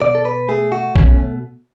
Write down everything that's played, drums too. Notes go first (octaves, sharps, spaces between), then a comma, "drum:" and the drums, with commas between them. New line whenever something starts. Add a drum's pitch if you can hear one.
B2 D5
A4
B4
A3 G#4
F#4
B2 C#4, drum: kick